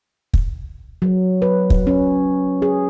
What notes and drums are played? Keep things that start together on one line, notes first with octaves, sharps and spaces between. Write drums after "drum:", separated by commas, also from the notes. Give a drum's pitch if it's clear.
drum: kick
F#3
B4
drum: kick
C#4
G#4